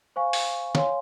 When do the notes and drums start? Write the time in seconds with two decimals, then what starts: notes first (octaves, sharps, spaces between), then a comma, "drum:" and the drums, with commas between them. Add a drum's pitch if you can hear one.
0.16 C5 F5 G#5 C#6
0.33 drum: open hi-hat
0.75 C#5 F5 G#5 C6, drum: snare